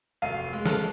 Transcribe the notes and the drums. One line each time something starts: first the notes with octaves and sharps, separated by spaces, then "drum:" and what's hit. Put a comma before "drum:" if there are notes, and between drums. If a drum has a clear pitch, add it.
F1 F#3 F5 D#7
G#3
A4 F6, drum: snare